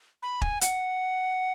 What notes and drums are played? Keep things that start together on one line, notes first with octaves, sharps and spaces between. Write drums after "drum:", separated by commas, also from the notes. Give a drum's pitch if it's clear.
B5
G#5, drum: kick
F#5, drum: hi-hat